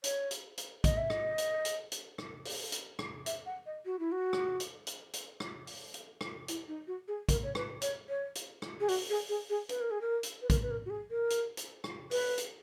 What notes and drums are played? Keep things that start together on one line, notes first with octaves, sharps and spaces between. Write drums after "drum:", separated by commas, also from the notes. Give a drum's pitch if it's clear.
C#5, drum: hi-hat
drum: hi-hat
drum: hi-hat
D#5, drum: kick, hi-hat
E5
D#5, drum: rim click
drum: hi-hat
drum: hi-hat
drum: hi-hat
drum: rim click
drum: open hi-hat
drum: hi-hat
drum: rim click
E5, drum: hi-hat
F#5
D#5
F#4
E4
F#4
drum: rim click
drum: hi-hat
drum: hi-hat
drum: hi-hat
drum: rim click
drum: open hi-hat
drum: hi-hat
drum: rim click
E4, drum: hi-hat
D#4
F#4
G#4
A#4, drum: kick, hi-hat
C#5
B4, drum: rim click
C#5, drum: hi-hat
C#5
drum: hi-hat
drum: rim click
G#4
F#4, drum: open hi-hat
G#4
G#4
G#4
B4, drum: hi-hat
A#4
G#4
A#4
drum: hi-hat
B4
A#4, drum: kick, hi-hat
B4
A#4
F#4
G#4
A#4
drum: hi-hat
drum: hi-hat
drum: rim click
B4, drum: open hi-hat
drum: hi-hat